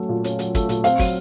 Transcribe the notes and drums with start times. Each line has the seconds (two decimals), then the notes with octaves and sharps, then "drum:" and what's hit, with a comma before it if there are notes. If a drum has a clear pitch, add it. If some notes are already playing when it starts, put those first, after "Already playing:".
Already playing: F#3 A3 C#4
0.09 A#2
0.24 C#4, drum: hi-hat
0.39 F#3, drum: hi-hat
0.55 A3, drum: kick, hi-hat
0.69 A#2, drum: hi-hat
0.84 C4 F5, drum: hi-hat
0.99 F#3, drum: kick, open hi-hat